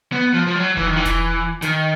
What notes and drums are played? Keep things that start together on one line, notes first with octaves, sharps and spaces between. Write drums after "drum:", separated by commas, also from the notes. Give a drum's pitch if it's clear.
B3
F3
F3
F#3
E3, drum: kick E1
D#3
E3
drum: kick E1, hi-hat
D#3, drum: hi-hat